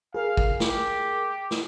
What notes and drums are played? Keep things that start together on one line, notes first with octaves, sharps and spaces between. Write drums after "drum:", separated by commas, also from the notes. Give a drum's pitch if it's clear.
G#4 A#4 F5
drum: kick
G4, drum: snare
drum: snare